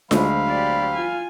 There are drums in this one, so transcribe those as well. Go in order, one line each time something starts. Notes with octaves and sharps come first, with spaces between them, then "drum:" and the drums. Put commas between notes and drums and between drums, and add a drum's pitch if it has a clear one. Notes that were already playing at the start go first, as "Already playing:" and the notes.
D2 F#3 G#3 C5 F5 B5, drum: snare F4
G4 D5
F4 G#5